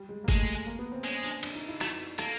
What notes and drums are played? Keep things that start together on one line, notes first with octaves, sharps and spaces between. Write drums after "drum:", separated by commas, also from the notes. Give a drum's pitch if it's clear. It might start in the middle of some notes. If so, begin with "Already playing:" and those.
Already playing: G3
G#3
A#3
G#3 A3, drum: kick G1
A#3
B3
C4
G#3 C#4
D4
D4, drum: cymbal
D#4
E4
A3 F#4, drum: rim click
A#3 A4, drum: rim click